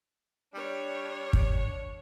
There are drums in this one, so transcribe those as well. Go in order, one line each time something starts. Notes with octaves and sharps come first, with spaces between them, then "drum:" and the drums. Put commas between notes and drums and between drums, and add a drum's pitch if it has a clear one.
G3 D4 C#5
drum: kick